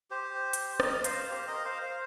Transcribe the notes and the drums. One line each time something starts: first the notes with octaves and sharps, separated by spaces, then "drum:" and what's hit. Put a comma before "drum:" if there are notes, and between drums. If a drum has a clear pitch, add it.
G4 C5
drum: hi-hat
A#4 D#5, drum: rim click
C5 F5, drum: hi-hat
G4 C5
A#4 D#5
C5 F5
C5 F5